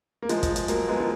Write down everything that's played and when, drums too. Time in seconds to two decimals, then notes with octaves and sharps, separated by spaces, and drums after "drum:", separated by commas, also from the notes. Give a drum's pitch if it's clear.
0.22 A#3
0.29 F3 G#3, drum: hi-hat
0.43 drum: kick, hi-hat
0.56 drum: hi-hat
0.68 F#3 A#3, drum: hi-hat
0.88 G#3 B3
1.00 F3